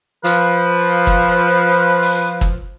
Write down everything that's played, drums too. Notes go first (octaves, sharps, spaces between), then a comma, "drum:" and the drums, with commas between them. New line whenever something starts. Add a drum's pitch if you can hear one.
F3 B4, drum: hi-hat
drum: kick
drum: open hi-hat
drum: kick